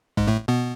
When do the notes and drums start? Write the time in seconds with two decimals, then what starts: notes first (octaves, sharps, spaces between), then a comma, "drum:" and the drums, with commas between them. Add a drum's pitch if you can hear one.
0.17 G#2 G#3, drum: kick A1
0.27 A2 A3
0.48 B2 B3